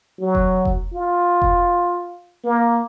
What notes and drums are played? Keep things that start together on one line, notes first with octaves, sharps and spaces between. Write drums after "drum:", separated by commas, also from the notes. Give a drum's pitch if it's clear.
F#3
drum: kick F1
drum: kick F1
F4
drum: kick F1
A#3